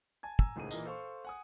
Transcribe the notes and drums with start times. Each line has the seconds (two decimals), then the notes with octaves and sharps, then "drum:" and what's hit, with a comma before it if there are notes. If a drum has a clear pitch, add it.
0.23 G#5 A5 G#6
0.39 G#5 A#5 E6, drum: kick
0.56 G#1 C#2 A2 G#4 C5 D#7
0.71 A#2 E3 A#4 D#5, drum: tambourine
0.85 A4 C5 F5 C6 C#6
1.25 F#5 G#5 D#6